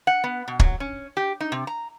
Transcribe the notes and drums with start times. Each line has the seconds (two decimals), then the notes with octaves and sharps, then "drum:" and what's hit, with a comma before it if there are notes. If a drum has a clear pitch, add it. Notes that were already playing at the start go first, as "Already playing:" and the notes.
0.07 F#5
0.24 B3
0.48 B2
0.60 F#3, drum: kick
0.80 C#4
1.17 G4
1.41 D#4
1.52 C3
1.67 A#5